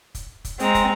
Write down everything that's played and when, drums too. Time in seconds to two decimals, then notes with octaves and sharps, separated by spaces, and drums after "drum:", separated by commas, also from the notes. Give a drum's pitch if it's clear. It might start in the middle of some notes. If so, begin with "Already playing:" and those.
0.15 drum: kick, hi-hat
0.45 drum: kick, hi-hat
0.60 G#3 C4 A#5, drum: hi-hat
0.75 drum: kick, hi-hat